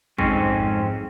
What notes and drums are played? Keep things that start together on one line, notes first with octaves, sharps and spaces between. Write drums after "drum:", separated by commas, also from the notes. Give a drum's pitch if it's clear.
F2 G#2 C4 C#4, drum: kick